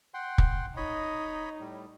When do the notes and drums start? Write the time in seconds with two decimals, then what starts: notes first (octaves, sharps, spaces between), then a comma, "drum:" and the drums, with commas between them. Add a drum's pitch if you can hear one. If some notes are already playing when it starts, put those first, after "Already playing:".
0.14 F#5 G5 C6
0.38 drum: kick
0.77 D#4 C#5 D#5 B5
1.60 A2 G3